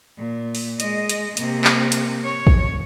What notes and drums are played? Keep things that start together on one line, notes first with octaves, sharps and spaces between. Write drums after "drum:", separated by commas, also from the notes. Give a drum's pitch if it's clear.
A#2
drum: open hi-hat
G#3 D#5, drum: hi-hat
drum: hi-hat
C3 A#3, drum: hi-hat
drum: clap
drum: hi-hat
C#5
drum: kick